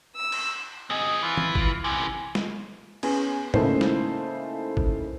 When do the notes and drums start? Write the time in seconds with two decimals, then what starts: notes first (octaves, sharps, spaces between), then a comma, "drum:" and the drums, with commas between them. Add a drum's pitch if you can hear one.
0.16 E6
0.32 drum: cymbal
0.90 C4 G#4 D#5
1.23 E3 F4
1.37 drum: tom
1.55 drum: kick G#1
1.84 C3 E3 G#5
2.35 drum: snare
3.03 B3 C#4 G#4 G#5, drum: cymbal
3.54 C#3 A3 A#3 D#4 E4 C5, drum: tom
3.81 drum: snare
4.77 drum: kick G#1